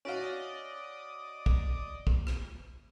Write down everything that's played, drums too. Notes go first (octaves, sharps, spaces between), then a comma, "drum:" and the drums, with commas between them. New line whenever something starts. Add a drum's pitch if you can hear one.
C#4 F#4 D5 D#5 F5
drum: kick
drum: kick
drum: rim click